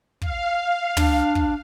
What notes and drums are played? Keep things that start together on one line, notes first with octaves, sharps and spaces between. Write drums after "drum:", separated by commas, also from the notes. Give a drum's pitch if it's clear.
F5, drum: kick
D4, drum: tom
drum: kick